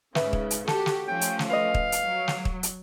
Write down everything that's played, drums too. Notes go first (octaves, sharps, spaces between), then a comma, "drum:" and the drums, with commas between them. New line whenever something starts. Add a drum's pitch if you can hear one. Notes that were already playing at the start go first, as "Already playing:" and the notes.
G#2 C#3 B4 E5, drum: snare
drum: kick
drum: hi-hat
F#4 G4 A4, drum: snare
drum: snare
F3 A3 C#4 G5
drum: hi-hat
drum: snare
B4 D#5 F5
drum: kick
drum: hi-hat
F#3
drum: snare
drum: kick
drum: hi-hat